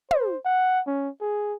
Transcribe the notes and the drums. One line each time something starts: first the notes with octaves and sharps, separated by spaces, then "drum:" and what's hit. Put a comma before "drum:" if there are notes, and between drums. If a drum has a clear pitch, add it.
C5, drum: tom
F#5
C#4
G#4